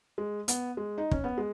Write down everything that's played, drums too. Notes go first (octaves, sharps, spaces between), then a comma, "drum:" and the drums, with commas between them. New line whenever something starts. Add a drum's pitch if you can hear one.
G#3
B3, drum: hi-hat
G#3
D#4
C#4, drum: kick
B3
G#3